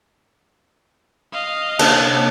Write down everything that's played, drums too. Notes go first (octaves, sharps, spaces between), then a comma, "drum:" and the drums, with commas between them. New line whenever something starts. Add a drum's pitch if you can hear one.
D#5 F5
C3 A#3 C#4 D4 C#5 A5, drum: cymbal